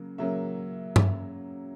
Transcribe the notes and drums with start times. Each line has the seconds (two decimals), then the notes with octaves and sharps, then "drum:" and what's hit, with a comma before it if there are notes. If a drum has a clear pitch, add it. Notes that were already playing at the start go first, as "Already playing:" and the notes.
Already playing: C#3 F#3 A#3
0.18 C#3 F#3 A#3 E5
0.96 drum: tom G2